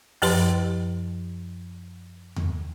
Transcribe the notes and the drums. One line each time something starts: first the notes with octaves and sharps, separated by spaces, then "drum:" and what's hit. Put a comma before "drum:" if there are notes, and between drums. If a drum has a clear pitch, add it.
F#2 F3 G4 B4 C6, drum: open hi-hat
drum: tom E2